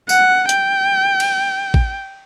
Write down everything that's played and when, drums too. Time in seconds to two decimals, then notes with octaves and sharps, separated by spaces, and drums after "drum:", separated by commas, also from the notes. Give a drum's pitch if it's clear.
0.09 F#5, drum: tambourine
0.49 G5, drum: hi-hat
1.20 drum: cymbal
1.74 drum: kick A1